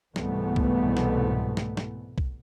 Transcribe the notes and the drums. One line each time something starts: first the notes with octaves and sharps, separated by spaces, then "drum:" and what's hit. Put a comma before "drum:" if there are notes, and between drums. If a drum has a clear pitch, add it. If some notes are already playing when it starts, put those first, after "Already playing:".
C2 G#2 B2 E3 A3 B3, drum: snare
drum: kick
drum: snare
drum: snare
drum: snare
drum: kick